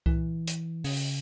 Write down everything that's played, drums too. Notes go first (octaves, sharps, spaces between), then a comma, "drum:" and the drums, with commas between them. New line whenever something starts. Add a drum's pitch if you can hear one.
E3, drum: kick C2
drum: hi-hat
C#3, drum: open hi-hat